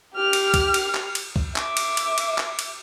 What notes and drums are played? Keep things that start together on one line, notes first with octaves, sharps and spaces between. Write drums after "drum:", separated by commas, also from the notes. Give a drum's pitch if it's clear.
G4 F6
drum: cymbal
drum: kick, cymbal
drum: cymbal
drum: clap
drum: cymbal
drum: kick
E5 D6, drum: clap
drum: cymbal
drum: cymbal
drum: cymbal
drum: clap
drum: cymbal